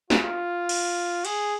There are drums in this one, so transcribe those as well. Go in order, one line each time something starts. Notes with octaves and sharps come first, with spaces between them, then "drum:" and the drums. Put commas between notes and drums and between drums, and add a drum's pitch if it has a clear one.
F4, drum: snare
drum: cymbal
G#4, drum: cymbal